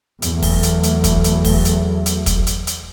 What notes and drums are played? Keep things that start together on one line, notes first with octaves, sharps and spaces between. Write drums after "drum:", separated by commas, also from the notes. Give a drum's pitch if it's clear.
E2 F#3 A3, drum: hi-hat
drum: kick, open hi-hat
drum: hi-hat
drum: hi-hat
drum: kick, hi-hat
drum: hi-hat
drum: kick, open hi-hat
drum: hi-hat
drum: hi-hat
drum: kick, hi-hat
drum: hi-hat
drum: hi-hat